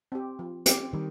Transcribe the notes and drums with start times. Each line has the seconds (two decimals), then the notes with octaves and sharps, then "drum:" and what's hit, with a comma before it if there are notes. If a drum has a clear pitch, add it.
0.12 C4 G4
0.39 F3
0.66 C4 G4, drum: hi-hat
0.93 D#3 G3